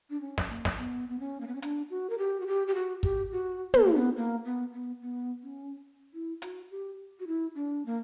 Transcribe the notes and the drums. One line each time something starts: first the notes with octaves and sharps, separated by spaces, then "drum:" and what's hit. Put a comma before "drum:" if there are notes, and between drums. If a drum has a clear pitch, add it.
D4
C#4
drum: snare
A#3
drum: snare
B3
B3
C#4
A#3
B3
C#4
D4, drum: hi-hat
F#4
A#4
G4
F#4
G4
G4
F#4
G4, drum: kick
F#4
B3, drum: tom
A#3
B3
A#3
B3
B3
B3
C#4
E4
F#4, drum: hi-hat
G4
F#4
E4
D4
A#3